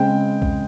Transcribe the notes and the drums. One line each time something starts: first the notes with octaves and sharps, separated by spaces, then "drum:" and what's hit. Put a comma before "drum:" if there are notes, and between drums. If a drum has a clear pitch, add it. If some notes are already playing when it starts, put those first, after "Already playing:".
Already playing: C#3 G#3 C4 G5
drum: kick B1